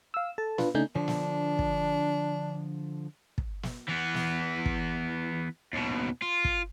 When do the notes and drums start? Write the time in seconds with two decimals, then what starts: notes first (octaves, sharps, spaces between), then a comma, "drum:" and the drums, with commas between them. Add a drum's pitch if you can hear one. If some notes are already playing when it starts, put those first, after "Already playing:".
0.14 F5 E6
0.38 A4 A5
0.58 D4 F4 B4, drum: snare
0.75 C#3 A3 D4 D#4 G#5 G6
0.96 D3 F3 D4
1.08 drum: snare
1.59 drum: kick
3.38 drum: kick
3.63 drum: snare
3.89 E3 B3
4.14 drum: snare
4.66 drum: kick
5.73 D#2 B2
6.22 F4
6.45 drum: kick